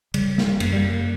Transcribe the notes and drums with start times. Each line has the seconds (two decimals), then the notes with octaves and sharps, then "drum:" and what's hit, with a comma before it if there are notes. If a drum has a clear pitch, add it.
0.14 C#3 G3, drum: cymbal
0.38 A#3, drum: snare
0.45 G3
0.60 F#2, drum: cymbal
0.73 G3
0.76 A#3